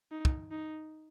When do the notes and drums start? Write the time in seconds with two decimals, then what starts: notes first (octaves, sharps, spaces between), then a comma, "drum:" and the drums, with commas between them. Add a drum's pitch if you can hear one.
0.12 D#4
0.25 drum: kick
0.51 D#4